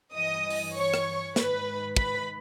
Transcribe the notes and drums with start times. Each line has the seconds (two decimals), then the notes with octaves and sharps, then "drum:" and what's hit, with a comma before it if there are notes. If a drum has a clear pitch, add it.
0.14 G2 E3 D#5 D#6
0.50 drum: open hi-hat
0.75 C#5 C#6
0.94 drum: rim click
1.36 G#2 D#3 B4 B5, drum: snare
1.97 B4 B5, drum: kick